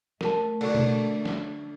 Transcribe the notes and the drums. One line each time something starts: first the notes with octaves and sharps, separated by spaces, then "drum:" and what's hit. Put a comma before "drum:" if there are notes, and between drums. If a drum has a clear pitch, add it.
A3 A#4 A5, drum: snare
D3 F#3 C#5, drum: cymbal
drum: tom B2
drum: snare